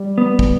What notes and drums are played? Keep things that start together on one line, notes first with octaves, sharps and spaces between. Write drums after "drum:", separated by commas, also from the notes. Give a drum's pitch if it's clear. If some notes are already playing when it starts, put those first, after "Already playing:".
Already playing: G3
B3
drum: kick